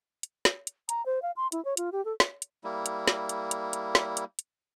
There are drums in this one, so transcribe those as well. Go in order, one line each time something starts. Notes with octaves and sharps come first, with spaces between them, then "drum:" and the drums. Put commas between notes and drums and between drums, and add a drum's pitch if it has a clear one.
drum: hi-hat
drum: snare
drum: hi-hat
A#5, drum: hi-hat
C5
F5
C6
E4, drum: hi-hat
C#5
F4, drum: hi-hat
G4
A4
drum: snare
drum: hi-hat
G3 A#3 E4
drum: hi-hat
drum: snare
drum: hi-hat
drum: hi-hat
drum: hi-hat
drum: snare
drum: hi-hat
drum: hi-hat